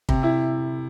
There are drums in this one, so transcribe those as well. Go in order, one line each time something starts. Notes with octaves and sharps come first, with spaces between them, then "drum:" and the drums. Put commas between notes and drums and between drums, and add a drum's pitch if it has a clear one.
C3, drum: kick
E4